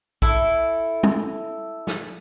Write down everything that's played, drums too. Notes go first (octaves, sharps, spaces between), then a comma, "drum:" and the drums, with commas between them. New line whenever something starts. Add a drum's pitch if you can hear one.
E4 A4, drum: kick
drum: tom
drum: snare